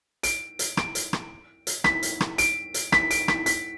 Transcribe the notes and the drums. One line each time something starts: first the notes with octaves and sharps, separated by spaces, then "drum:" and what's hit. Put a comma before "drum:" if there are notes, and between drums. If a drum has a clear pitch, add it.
D7, drum: hi-hat
drum: hi-hat
D7, drum: rim click
drum: hi-hat
drum: rim click
drum: hi-hat
B6, drum: rim click
drum: hi-hat
drum: rim click
D7, drum: hi-hat
drum: hi-hat
B6, drum: rim click
D7, drum: hi-hat
B6, drum: rim click
B6, drum: hi-hat